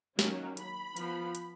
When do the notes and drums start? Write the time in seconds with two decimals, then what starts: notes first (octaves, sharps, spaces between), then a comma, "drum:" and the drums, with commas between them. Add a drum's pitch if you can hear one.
0.19 D#3 F#3 A#3 C#4, drum: snare
0.57 B5, drum: hi-hat
0.97 F3 B3, drum: hi-hat
1.35 drum: hi-hat